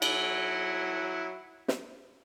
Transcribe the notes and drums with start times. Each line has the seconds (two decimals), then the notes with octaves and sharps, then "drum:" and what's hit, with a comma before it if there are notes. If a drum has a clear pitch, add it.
0.02 F#3 E4 F#5, drum: cymbal
1.68 drum: snare